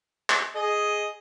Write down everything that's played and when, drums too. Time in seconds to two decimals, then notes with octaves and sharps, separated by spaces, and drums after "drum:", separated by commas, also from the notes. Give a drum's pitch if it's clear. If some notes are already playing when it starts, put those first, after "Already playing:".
0.30 drum: clap
0.55 G#4 D#5